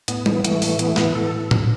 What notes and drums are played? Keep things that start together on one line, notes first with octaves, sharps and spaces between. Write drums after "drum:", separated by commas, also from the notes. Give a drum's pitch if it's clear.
A2 B3, drum: hi-hat
E3, drum: tom G3
E3 A3, drum: hi-hat
A2, drum: open hi-hat
E3 B3, drum: hi-hat
A3
A2 B3, drum: snare
A2 A4
drum: tom A2